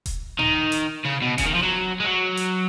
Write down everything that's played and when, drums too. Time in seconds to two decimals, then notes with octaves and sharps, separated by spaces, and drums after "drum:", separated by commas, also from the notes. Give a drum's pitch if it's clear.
0.06 drum: kick D#1, hi-hat
0.39 D#3, drum: tom A2
0.72 drum: hi-hat
1.05 C#3
1.22 B2
1.38 C#3, drum: kick D#1, hi-hat
1.46 D#3
1.55 F3
1.63 F#3
2.00 G#3
2.04 F#3
2.37 drum: hi-hat